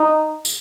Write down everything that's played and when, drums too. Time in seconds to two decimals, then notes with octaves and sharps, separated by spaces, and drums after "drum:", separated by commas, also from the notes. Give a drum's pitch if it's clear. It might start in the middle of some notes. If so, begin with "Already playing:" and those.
Already playing: D#4
0.45 drum: tambourine